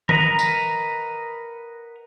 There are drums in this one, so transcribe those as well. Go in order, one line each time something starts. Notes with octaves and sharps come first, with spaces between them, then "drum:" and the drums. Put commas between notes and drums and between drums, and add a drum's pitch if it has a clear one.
A#4 B4 D#5 F#5 A#5, drum: tom D#3
drum: tambourine